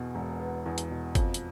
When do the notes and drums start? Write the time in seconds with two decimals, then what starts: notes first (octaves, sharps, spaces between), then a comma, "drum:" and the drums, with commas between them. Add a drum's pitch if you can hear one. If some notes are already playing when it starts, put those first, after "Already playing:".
Already playing: E2 B2
0.15 E1
0.40 B3
0.66 E2
0.78 drum: hi-hat
0.90 B2
1.15 F2, drum: kick, hi-hat
1.34 drum: hi-hat